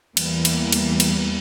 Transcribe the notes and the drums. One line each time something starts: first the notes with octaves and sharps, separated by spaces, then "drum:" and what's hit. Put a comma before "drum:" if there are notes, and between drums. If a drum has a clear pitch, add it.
E2 E3 G3 A#3, drum: cymbal
drum: cymbal
drum: cymbal
drum: cymbal